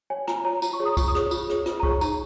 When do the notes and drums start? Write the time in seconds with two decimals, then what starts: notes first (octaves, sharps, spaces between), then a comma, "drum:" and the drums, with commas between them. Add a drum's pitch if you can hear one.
0.10 C#5 G#5
0.28 F4 A#5, drum: rim click
0.45 C#5 A#5
0.62 F4 A#5, drum: tambourine
0.73 C#6
0.80 G#4 C#5
0.85 D#6
0.97 F4 C#6, drum: kick, tambourine
1.08 D#6
1.15 G#4 C#5, drum: rim click
1.31 F4, drum: tambourine
1.49 G#4 C#5, drum: rim click
1.66 F4, drum: rim click
1.80 A#5
1.83 G#4 C#5 C#6, drum: kick
2.01 D#4 A#5, drum: tambourine